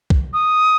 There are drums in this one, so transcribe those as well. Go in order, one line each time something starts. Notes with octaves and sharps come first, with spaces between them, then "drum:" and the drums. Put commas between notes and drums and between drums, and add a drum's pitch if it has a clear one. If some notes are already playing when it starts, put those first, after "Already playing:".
drum: kick
D#6